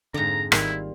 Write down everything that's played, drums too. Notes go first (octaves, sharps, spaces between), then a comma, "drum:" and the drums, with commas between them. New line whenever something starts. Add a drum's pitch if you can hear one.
F2 G#2 D3 A#5
G#1 D3 D#3 G3 A#3 E4 F4, drum: rim click